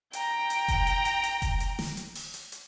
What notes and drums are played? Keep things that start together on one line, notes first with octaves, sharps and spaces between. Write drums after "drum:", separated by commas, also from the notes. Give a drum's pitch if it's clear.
G5 A#5, drum: hi-hat
drum: hi-hat
drum: kick F1, hi-hat
drum: hi-hat
drum: hi-hat
drum: hi-hat
drum: kick F1, hi-hat
drum: hi-hat
drum: snare
drum: hi-hat
drum: open hi-hat
drum: hi-hat
drum: hi-hat